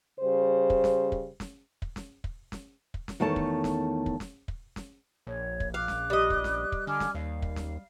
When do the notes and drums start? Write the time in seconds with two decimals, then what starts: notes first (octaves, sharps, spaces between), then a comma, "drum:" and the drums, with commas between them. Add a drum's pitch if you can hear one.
0.20 C#3 G3 C5
0.70 drum: kick
0.84 drum: snare
1.12 drum: kick
1.40 drum: snare
1.82 drum: kick
1.96 drum: snare
2.24 drum: kick
2.52 drum: snare
2.94 drum: kick
3.08 drum: snare
3.20 E2 D#3 A3 C#5 A5
3.36 drum: kick
3.64 drum: snare
4.06 drum: kick
4.20 drum: snare
4.48 drum: kick
4.76 drum: snare
5.27 A#1 C#5
5.60 drum: kick
5.74 F5 D6 F#6
5.88 drum: snare
6.10 G3 D#5
6.30 drum: kick
6.44 drum: snare
6.72 drum: kick
6.87 D3 G#5 D6 F6
7.00 drum: snare
7.15 D#2 F5
7.42 drum: kick
7.56 drum: snare